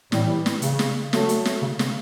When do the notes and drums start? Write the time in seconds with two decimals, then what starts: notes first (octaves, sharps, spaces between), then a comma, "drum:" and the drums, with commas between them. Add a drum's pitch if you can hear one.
0.12 A2 E3 G3, drum: snare
0.46 drum: snare
0.62 C#3, drum: hi-hat
0.79 drum: snare
1.13 F#3 A3, drum: snare
1.29 drum: hi-hat
1.45 drum: snare
1.62 C#3
1.79 C#3, drum: snare